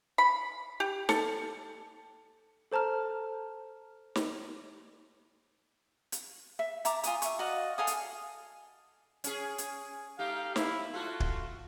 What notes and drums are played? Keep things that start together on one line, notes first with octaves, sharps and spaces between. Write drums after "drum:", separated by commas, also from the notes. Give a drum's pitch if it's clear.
B5
G4
A4, drum: snare
A4 C5 A5 A#5 F6
drum: snare
drum: hi-hat
E5
E5 A5 A#5 D6, drum: hi-hat
F4 G#5 D#6, drum: hi-hat
E5 C#6, drum: hi-hat
F#4 D5 D#5 F5
A4 F5 G#5 D#6
drum: hi-hat
C#4 G#4, drum: hi-hat
drum: hi-hat
A3 D#4 G4 F5
E4, drum: snare
A3 F4 F#4 A4
drum: kick